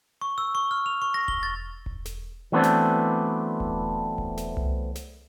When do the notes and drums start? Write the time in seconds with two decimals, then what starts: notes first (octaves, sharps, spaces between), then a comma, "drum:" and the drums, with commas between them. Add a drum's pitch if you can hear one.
0.21 C#6
0.38 E6
0.55 C#6
0.71 F6
0.86 F7
1.02 C#6
1.14 A#6
1.28 G7, drum: kick E1
1.43 A6
1.86 drum: kick E1
2.05 drum: snare
2.52 E3 F#3 A3 B3 C4 D4
2.63 drum: snare
3.60 drum: kick E1
4.18 drum: kick E1
4.37 drum: snare
4.57 drum: tom C2
4.95 drum: snare